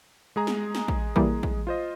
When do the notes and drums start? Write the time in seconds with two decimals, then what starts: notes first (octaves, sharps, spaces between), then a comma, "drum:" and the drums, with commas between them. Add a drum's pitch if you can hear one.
0.36 G#3 G#4 A#5
0.47 drum: snare
0.75 drum: snare
0.88 drum: kick
1.16 E3 G3 A#3, drum: kick
1.43 drum: kick
1.67 F4 C5 D#5